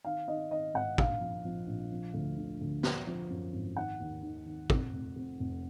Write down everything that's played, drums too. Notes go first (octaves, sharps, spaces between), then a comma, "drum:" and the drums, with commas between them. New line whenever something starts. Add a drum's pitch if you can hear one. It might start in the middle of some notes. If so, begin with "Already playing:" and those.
D#3 F5
D#3 D#5
D#3 D#5
G#1 F#5
A#1 F5, drum: kick
F3
F3
A#1
F3
D2
D3
D2
F3, drum: snare
F3
F#2
G#1
D#3 F#5
D#2
D#3
D#3
F2, drum: kick
F1
F2
F1